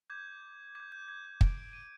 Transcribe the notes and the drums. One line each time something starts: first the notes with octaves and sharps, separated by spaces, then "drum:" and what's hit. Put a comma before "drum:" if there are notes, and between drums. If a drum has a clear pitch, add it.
D6 G6 G#6
D6 G6 G#6
G6
G#6
G#6
D6 G6 D7, drum: kick
D7
D#7